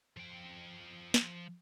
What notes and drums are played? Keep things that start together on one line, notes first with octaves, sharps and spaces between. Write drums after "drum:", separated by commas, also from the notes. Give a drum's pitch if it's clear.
F3 G5
drum: snare